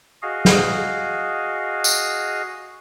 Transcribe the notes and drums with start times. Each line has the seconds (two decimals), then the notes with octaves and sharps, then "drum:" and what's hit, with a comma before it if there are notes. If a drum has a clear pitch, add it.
0.22 F#4 G#4 D#5 F5
0.45 drum: snare
1.84 drum: tambourine